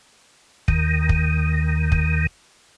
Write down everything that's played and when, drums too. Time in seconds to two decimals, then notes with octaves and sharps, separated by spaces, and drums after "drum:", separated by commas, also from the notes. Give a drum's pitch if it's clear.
0.68 D#2 D#3, drum: kick
1.09 drum: kick
1.92 drum: kick